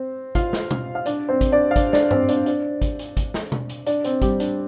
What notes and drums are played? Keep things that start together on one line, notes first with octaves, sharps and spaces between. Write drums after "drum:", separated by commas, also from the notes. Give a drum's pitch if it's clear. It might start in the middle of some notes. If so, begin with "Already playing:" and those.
Already playing: C4 C5
F4 F5, drum: kick, hi-hat
drum: snare
drum: tom B2
F5
D4 D5, drum: hi-hat
C4 C5
drum: kick, hi-hat
D4 D5
F5
D4 D5, drum: kick, hi-hat
D4 D5, drum: snare
C4 C5, drum: tom G2
D4 D5, drum: hi-hat
D4 D5, drum: hi-hat
drum: kick, hi-hat
drum: hi-hat
drum: kick, hi-hat
drum: snare
drum: tom B2
drum: hi-hat
D4 D5, drum: hi-hat
C4 C5, drum: hi-hat
G3 G4, drum: kick, hi-hat
D4, drum: hi-hat